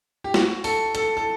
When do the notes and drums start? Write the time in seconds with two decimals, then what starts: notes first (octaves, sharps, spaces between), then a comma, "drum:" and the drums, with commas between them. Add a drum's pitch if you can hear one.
0.24 G4
0.34 F#4, drum: snare
0.64 A4, drum: open hi-hat
0.95 A4, drum: hi-hat
1.17 A4